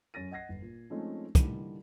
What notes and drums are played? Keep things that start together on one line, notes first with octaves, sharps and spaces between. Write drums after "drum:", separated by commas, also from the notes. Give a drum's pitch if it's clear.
F#2 C#4 A6 A#6 D#7
D#5 F#5 G#6 A#6 C7
G1
A#2
F3 G#3 A3 C4 C#4 D#4
D3 E3 G3 A#3 D#4, drum: kick, hi-hat